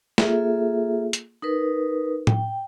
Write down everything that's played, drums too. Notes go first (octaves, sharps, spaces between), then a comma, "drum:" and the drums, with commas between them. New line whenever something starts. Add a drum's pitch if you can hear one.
A#3 F4 G#4 A4 E5, drum: snare
drum: hi-hat
D#4 A#4 B4
G5, drum: tom A2